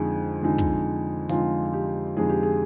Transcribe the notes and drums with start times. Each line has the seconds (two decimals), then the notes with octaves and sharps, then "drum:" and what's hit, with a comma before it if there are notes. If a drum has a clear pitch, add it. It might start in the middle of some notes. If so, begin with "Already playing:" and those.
Already playing: F2 D3 G#3 D#4 G#4
0.43 F2 D3 G#3 D#4
0.58 drum: kick
1.29 F2 D3 G#3 D#4 F4, drum: hi-hat
1.73 G4
2.16 F2 D3 G#3 D#4 G#4
2.29 G4
2.43 G#4